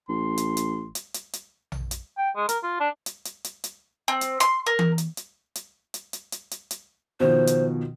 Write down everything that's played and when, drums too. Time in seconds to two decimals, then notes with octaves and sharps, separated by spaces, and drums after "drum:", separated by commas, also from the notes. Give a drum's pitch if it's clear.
0.09 A1 C6
0.38 drum: hi-hat
0.57 drum: hi-hat
0.95 drum: hi-hat
1.14 drum: hi-hat
1.33 drum: hi-hat
1.72 drum: tom A#1
1.91 drum: hi-hat
2.17 G5
2.36 G#3
2.49 A#4, drum: hi-hat
2.63 F4
2.80 D4
3.06 drum: hi-hat
3.25 drum: hi-hat
3.44 drum: hi-hat
3.64 drum: hi-hat
4.08 C4
4.21 drum: hi-hat
4.40 C6, drum: hi-hat
4.66 A#4
4.79 drum: tom E3
4.98 drum: hi-hat
5.17 drum: hi-hat
5.55 drum: hi-hat
5.94 drum: hi-hat
6.13 drum: hi-hat
6.32 drum: hi-hat
6.51 drum: hi-hat
6.71 drum: hi-hat
7.20 B2 D#3 F3 C5
7.47 drum: hi-hat